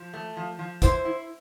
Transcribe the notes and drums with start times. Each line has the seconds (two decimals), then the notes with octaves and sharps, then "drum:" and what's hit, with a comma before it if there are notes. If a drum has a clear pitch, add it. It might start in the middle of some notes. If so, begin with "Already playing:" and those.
Already playing: F3
0.14 A3
0.37 F3
0.59 F3
0.82 E4 C5, drum: kick, hi-hat
1.05 E4